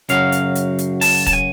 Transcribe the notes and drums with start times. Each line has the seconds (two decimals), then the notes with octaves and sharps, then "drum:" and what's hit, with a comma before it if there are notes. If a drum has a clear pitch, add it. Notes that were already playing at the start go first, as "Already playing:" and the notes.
0.09 F#2 C#3 F#3 F5, drum: hi-hat
0.32 drum: hi-hat
0.55 drum: hi-hat
0.79 drum: hi-hat
1.01 A5, drum: open hi-hat
1.27 A5, drum: kick, hi-hat
1.33 G#5